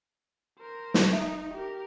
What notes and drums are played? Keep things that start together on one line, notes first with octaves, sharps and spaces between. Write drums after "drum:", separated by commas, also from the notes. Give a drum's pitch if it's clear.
A#4 C5
drum: snare
D#4 E5
G4 A#4